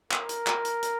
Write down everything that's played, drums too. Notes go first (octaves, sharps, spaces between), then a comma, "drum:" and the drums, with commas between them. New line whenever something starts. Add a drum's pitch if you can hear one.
A#4, drum: clap
drum: hi-hat
drum: clap
drum: hi-hat
drum: hi-hat